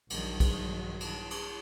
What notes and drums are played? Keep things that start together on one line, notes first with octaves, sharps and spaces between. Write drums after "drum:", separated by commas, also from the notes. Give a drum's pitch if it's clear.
A#1 G2 D#3 F#3, drum: cymbal
drum: kick, cymbal
drum: cymbal
drum: cymbal